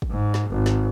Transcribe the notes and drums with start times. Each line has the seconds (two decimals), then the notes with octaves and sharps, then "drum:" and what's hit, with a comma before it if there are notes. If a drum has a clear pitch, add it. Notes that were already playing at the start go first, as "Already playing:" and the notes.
0.02 drum: kick
0.11 G#2
0.34 drum: snare
0.50 G#1
0.66 drum: snare